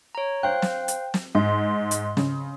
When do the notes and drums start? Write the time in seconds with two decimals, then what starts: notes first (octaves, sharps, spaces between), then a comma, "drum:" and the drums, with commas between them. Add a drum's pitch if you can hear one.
0.15 C#5 A#5
0.43 C5 F5 G5 F#6
0.62 drum: snare
0.88 drum: hi-hat
1.14 drum: snare
1.35 G#2 C6
1.91 drum: hi-hat
2.17 C#3, drum: snare